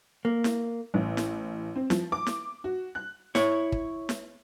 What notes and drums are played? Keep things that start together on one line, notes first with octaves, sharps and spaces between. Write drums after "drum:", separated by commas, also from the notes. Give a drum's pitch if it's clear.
A#3
drum: snare
A1
drum: snare
C4
F3, drum: snare
D6
drum: snare
F#4
F#6
E4 C#5, drum: snare
drum: kick
drum: snare